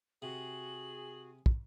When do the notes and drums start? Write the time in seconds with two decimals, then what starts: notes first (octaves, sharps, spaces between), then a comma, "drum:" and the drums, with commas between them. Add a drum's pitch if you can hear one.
0.22 C3 F#4 G#4 F#7
1.46 drum: kick